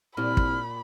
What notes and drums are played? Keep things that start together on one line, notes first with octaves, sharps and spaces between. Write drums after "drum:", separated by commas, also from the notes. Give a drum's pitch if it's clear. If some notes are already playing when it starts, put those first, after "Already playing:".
C2 A#2 B5 F6
drum: kick